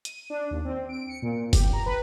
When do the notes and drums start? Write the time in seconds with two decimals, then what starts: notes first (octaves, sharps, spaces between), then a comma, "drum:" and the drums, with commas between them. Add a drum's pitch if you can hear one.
0.05 D#7, drum: hi-hat
0.30 D4
0.51 D#2
0.65 C4
0.89 D7
1.09 C#7
1.22 A#2
1.53 G4, drum: kick, open hi-hat
1.73 A#5
1.86 B4